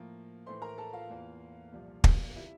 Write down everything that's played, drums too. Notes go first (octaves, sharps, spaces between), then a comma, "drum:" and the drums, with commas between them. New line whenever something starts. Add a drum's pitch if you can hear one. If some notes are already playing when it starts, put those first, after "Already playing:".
Already playing: A2 F3 A#3
A2 E3 A3 C5 C6
A#4 A#5
A4 A5
F4 F5
E2 E3 A#3
C2 A#2 F3
drum: kick
C3 G3 E4 E5